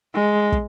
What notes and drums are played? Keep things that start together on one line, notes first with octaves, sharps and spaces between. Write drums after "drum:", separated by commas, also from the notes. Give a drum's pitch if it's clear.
G#3
drum: kick